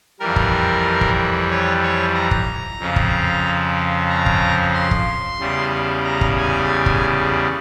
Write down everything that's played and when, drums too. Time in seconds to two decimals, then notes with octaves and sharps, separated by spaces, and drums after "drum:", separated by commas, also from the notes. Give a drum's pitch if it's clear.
0.20 F2 E3 G3 A#4
0.36 drum: kick
1.01 drum: kick
1.50 C#5
1.83 C#5
2.15 A#5
2.31 drum: kick
2.80 F2 C#3 F3
2.96 drum: kick
4.10 A#5
4.26 drum: kick
4.74 C6
4.91 drum: kick
5.40 E2 C#3 G3
6.04 A#5
6.21 drum: kick
6.38 G#5
6.86 drum: kick